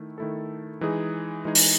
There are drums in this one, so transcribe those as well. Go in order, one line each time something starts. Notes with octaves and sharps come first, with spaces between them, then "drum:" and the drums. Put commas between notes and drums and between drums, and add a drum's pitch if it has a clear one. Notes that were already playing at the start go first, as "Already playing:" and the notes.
Already playing: D#3 A3 E4
D#3 A3 E4 A4
E3 G#3 D#4 G#4
E3 G#3 D#4 G#4
drum: open hi-hat